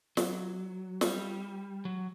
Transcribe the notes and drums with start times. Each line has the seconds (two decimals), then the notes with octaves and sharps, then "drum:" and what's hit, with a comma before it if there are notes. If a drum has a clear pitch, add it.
0.17 F#3, drum: snare
1.01 G3, drum: snare
1.85 F#3